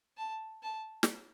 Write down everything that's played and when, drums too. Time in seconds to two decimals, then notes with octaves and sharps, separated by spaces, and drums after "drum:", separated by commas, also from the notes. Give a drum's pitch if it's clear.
0.18 A5
0.63 A5
1.03 drum: snare